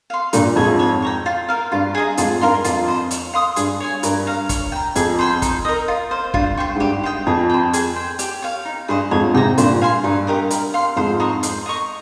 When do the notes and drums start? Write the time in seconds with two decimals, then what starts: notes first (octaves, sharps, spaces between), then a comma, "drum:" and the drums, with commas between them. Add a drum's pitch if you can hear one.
0.10 F5 C6
0.33 G2 A#2 D#4, drum: hi-hat
0.56 F2 G#2 G#4 C#5
0.79 C#5
1.02 G5 A#5 C#6
1.26 F4
1.49 A#4 F5
1.72 G2 F4
1.95 G#4 D#5 A#5
2.17 F2 G#2 F4, drum: hi-hat
2.41 G2 A#4 F5 C6
2.64 F2 F4, drum: hi-hat
2.88 C5 D#5
3.11 C#5, drum: hi-hat
3.33 F5 C6 D#6
3.56 G2 G#4, drum: hi-hat
3.80 C#5 G#5
4.03 G2 A#4, drum: hi-hat
4.26 F5 A#5
4.49 C#5, drum: kick, hi-hat
4.72 G5 A#5
4.95 F2 G#4, drum: hi-hat
5.19 C5 G5 C6
5.42 D#4, drum: kick, hi-hat
5.65 A#4 D#5
5.88 F4
6.11 C5 F5
6.34 G2 F4, drum: kick
6.57 C5 G5 C#6
6.75 G#2
6.80 G2 G4
7.04 C5 D#5 G5
7.26 F2 G#4
7.50 C5 G5
7.73 G#4, drum: hi-hat
7.96 C5 G5
8.19 G4, drum: hi-hat
8.42 C#5 F5
8.65 D#4
8.88 G2 G#4 C5 D#5
9.11 F2 G#2 C#5
9.34 G#2 C3 G5 A#5
9.58 G2 A#2 C5, drum: hi-hat
9.81 F5 G#5 C6
10.04 G2 D#4
10.27 G4 A#4 D#5
10.50 A#4, drum: hi-hat
10.74 F5 C6
10.96 F2 G#2 C5
11.20 D#5 A#5 C#6
11.43 C5, drum: hi-hat
11.66 D#5 A#5 C#6